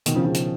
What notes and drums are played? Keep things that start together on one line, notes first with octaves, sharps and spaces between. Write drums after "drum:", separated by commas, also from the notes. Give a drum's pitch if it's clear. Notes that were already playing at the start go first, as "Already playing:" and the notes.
B2 D#3, drum: hi-hat
C#3 F3
C#3 F3
drum: hi-hat